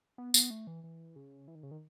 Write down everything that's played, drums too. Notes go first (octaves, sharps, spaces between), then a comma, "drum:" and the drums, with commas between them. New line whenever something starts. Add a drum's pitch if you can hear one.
B3
B3, drum: tambourine
A3
E3
E3
C#3
E3
D#3
C#3
D#3